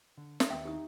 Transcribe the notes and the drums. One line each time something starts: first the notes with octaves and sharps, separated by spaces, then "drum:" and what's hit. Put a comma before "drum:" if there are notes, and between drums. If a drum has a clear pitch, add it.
D3
drum: snare
D#2 B3 E5 G5 D#6
D#4 E4 G4 D#6